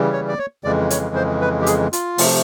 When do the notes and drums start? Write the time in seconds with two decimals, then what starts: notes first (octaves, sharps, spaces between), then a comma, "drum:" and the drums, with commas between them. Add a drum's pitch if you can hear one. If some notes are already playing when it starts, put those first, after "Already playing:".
Already playing: C#3 E3 G3
0.13 C#5
0.28 D5
0.38 C#5
0.64 F2 C#3 E3 G#3 D5
0.90 C#5, drum: hi-hat
1.15 C5
1.41 B4
1.61 G4
1.66 G#4, drum: hi-hat
1.93 F4, drum: hi-hat
2.18 C3 F3 A3, drum: open hi-hat